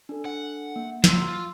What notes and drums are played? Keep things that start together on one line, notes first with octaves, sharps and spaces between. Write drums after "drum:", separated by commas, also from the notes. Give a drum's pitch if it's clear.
D4 A4
F#5
A#3
F#3 F4 C6 E6, drum: snare
F4